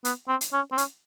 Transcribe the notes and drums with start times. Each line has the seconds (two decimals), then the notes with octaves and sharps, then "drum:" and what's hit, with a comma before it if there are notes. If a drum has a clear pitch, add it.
0.05 B3, drum: hi-hat
0.28 C4
0.41 drum: hi-hat
0.53 C#4
0.72 C4
0.78 C#4, drum: hi-hat